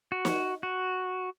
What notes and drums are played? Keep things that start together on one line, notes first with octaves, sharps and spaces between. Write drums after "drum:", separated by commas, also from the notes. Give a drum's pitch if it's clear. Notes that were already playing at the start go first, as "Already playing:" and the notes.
F#4
drum: snare
F#4